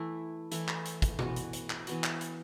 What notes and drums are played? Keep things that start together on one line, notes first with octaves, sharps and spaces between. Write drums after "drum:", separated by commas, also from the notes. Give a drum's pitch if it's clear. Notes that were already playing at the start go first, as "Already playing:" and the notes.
Already playing: E3 A3 E4
E3 A3 E4, drum: hi-hat
drum: clap
drum: hi-hat
drum: kick, hi-hat
E3 B3 F#4, drum: tom B2
drum: hi-hat
drum: hi-hat
drum: clap
E3 B3 F#4, drum: hi-hat
drum: clap
drum: hi-hat